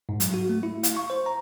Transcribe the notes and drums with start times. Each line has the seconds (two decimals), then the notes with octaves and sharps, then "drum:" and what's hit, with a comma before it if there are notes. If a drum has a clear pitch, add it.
0.09 G#2
0.20 F#3, drum: hi-hat
0.34 F#4
0.49 A3
0.63 E4
0.83 F5, drum: hi-hat
0.97 C#6
1.10 C5
1.26 A#5